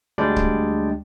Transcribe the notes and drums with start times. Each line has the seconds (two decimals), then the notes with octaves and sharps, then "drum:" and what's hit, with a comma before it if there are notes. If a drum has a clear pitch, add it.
0.18 D2 G3 G#3 D4 D5 G5
0.36 drum: kick C#1